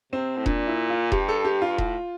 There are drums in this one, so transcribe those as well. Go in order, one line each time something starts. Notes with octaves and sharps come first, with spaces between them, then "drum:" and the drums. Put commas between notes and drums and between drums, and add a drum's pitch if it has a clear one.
C3 C4
A2
A#2 D4, drum: kick E1
E4
F4
G2 G4, drum: kick E1
A4
G4
F4
A2, drum: kick E1